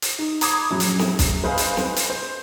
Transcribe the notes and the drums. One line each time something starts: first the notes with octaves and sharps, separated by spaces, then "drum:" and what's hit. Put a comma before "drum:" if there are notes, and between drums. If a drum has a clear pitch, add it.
drum: hi-hat
D#4
A#5 B5 D6 D#6 G#6, drum: hi-hat
A#1 F#2 F#3
drum: hi-hat
drum: snare
drum: kick, hi-hat
B4 C5 D#5 F5 G#5
drum: hi-hat
drum: snare
drum: hi-hat
C5